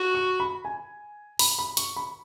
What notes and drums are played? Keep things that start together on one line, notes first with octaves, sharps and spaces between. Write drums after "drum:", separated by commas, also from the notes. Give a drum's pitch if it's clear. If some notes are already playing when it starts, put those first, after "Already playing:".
Already playing: F#4
C#6
B5
G#5
B5, drum: open hi-hat
B5
C#6, drum: hi-hat
B5